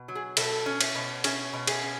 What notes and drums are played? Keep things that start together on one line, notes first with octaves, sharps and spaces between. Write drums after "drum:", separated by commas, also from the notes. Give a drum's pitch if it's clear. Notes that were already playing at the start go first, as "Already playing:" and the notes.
Already playing: B2
F#3
G#4
B2 A4, drum: cymbal
C#4
drum: cymbal
B2
C#4 G#4, drum: cymbal
B2
G#4, drum: cymbal
C#4